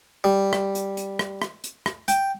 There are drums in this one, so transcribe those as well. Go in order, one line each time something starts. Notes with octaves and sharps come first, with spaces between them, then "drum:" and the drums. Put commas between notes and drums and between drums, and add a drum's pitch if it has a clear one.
G3
drum: rim click
drum: hi-hat
drum: hi-hat
drum: rim click
drum: rim click
drum: hi-hat
drum: rim click
G5, drum: hi-hat